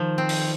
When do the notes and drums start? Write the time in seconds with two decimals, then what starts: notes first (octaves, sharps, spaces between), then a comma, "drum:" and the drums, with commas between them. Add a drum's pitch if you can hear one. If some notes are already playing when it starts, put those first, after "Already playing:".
Already playing: D#3 F3
0.18 C4
0.29 drum: open hi-hat